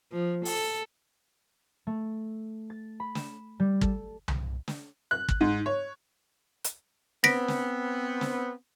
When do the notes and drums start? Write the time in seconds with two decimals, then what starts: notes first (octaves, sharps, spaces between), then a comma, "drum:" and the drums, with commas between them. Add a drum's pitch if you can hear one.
0.12 F3
0.45 A4, drum: open hi-hat
1.87 A3
2.70 A6
3.00 B5
3.15 E7, drum: snare
3.60 G3
3.81 A4, drum: kick
4.28 drum: tom C2
4.68 drum: snare
5.11 F#6
5.29 drum: kick
5.41 G#2
5.66 C#5
6.64 drum: hi-hat
7.24 B3 C4 A#6 B6 D7, drum: snare
7.48 drum: snare
8.21 drum: snare